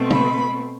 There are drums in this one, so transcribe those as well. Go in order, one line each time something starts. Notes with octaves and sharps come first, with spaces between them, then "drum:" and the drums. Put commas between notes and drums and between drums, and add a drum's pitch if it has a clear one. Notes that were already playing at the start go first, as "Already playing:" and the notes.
Already playing: B2 A3 C4
B5, drum: tom